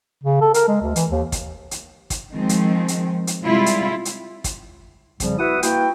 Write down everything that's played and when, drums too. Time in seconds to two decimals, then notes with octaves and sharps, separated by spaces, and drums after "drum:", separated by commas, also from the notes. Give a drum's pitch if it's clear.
0.24 C#3
0.41 A4
0.54 A#4, drum: hi-hat
0.68 G#3
0.82 D2
0.96 E3, drum: hi-hat
1.10 D#2
1.32 drum: kick, hi-hat
1.71 drum: hi-hat
2.10 drum: kick, hi-hat
2.33 D#3 F3 G#3 C4
2.49 drum: hi-hat
2.88 drum: hi-hat
3.27 drum: hi-hat
3.43 C3 G3 G#3 E4 F4
3.66 drum: hi-hat
4.05 drum: hi-hat
4.44 drum: kick, hi-hat
5.20 F2 C#3 F3 G3, drum: kick, hi-hat
5.38 E4 F#4 B4 E5 F#5 D#6
5.63 A#3 E4 F#4 B4 G5, drum: hi-hat